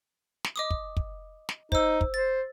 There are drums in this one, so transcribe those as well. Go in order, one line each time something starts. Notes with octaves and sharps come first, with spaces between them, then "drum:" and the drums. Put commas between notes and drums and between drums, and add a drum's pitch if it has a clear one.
drum: snare
D#5 D6 D#6
drum: kick
drum: kick
drum: snare
D#4 C5 E6, drum: kick
drum: kick
C5 A6